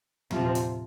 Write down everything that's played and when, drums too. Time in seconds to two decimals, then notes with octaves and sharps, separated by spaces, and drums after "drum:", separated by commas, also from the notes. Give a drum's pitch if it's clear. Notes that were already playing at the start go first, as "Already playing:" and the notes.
0.31 C3 F3 C4, drum: tom
0.55 drum: hi-hat